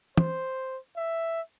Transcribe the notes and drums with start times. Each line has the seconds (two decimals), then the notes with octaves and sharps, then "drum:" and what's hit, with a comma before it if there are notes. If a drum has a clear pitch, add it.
0.17 C5, drum: tom
0.96 E5